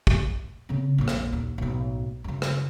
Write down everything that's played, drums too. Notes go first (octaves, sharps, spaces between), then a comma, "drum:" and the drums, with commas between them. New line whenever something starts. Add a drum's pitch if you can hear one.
drum: kick
C#3 C4
A#1 F2
drum: rim click
D#2
B1 A2
F#2 C#3
drum: rim click